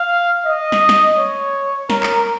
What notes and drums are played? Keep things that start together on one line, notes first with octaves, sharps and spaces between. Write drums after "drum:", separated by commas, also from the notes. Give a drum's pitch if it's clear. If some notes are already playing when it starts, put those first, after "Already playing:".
Already playing: F5
D#5
drum: snare
drum: snare
C#5
A#4, drum: snare
drum: clap